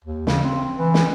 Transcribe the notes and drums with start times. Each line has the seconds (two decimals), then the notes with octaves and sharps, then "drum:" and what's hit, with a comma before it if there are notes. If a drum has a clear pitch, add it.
0.04 D#2
0.27 C#3, drum: snare
0.43 C4
0.78 E3
0.94 drum: snare